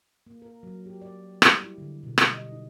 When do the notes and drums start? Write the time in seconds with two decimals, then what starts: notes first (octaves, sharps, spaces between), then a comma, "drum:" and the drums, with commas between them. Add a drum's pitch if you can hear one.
0.27 A#3
0.42 A#4
0.63 F#3
0.86 G4
1.02 D5
1.42 G3, drum: rim click
1.60 E4
1.78 D3
2.03 B2
2.18 G3, drum: rim click
2.34 D#5
2.52 D#4